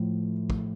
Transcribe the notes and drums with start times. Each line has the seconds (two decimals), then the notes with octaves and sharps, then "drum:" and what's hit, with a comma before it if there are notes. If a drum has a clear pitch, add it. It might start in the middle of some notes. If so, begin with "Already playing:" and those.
Already playing: A2 F3
0.50 drum: kick